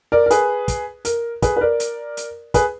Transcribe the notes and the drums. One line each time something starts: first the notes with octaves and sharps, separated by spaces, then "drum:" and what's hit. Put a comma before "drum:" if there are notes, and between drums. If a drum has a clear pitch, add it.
A#4 D5
A#4
G#4 B4, drum: hi-hat
drum: kick, hi-hat
A#4, drum: hi-hat
G#4 B4, drum: kick, hi-hat
B4
A#4 D5
drum: hi-hat
drum: hi-hat
G#4 B4, drum: kick, hi-hat